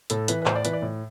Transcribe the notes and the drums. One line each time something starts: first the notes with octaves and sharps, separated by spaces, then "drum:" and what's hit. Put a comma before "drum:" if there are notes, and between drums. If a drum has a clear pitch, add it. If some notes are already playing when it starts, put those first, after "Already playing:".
A2 A4, drum: hi-hat
E3 B4, drum: hi-hat
B4
A2 C5, drum: clap
D5
E3 B4, drum: hi-hat
D5
A2